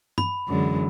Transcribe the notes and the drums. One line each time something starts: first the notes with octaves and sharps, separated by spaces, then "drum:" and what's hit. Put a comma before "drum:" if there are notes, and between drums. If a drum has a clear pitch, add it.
B5, drum: tom
F#2 D3 E3 G#3